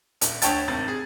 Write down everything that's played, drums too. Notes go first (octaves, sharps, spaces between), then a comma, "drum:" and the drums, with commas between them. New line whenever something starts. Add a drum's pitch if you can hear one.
D#1, drum: hi-hat
D2 C#5 G5 A5 A6, drum: hi-hat
G#1 C3 D#3 A6
G#4